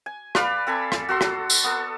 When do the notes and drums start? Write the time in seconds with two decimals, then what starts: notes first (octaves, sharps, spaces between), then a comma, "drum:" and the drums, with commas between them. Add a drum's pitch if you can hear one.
0.06 G#5
0.35 B4 D5 F5 B5, drum: rim click
0.67 C4 A4 G#5 B5
0.92 drum: rim click
1.09 F#4 A4 C6 E6
1.21 drum: rim click
1.50 drum: tambourine
1.64 B3 A4